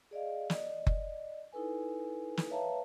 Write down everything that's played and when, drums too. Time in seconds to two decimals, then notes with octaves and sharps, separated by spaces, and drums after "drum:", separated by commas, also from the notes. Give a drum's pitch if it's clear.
0.11 G#4 D5 D#5 F5
0.50 D5 D#5, drum: snare
0.87 drum: kick F#1
1.52 D#4 E4 A4 B4 G#5
2.37 drum: snare
2.50 B4 C#5 E5 F5 A5 A#5